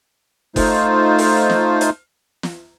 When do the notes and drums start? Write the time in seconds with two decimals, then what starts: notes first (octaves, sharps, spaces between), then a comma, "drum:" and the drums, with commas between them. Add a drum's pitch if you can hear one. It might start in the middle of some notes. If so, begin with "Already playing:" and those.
0.56 A3 D#4 F4 C5, drum: kick F#1, open hi-hat
1.18 drum: open hi-hat
1.50 drum: snare
1.81 drum: hi-hat
2.43 drum: snare